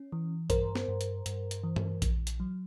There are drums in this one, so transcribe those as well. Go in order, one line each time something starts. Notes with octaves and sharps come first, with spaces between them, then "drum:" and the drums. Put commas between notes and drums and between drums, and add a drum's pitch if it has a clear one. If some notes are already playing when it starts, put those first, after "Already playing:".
Already playing: C#4
E3
G2 A#4 C5, drum: kick A#1, hi-hat
drum: snare
G2
drum: hi-hat
G2, drum: hi-hat
drum: hi-hat
E3
drum: tom G2
A#1, drum: kick A#1, hi-hat
drum: hi-hat
F#3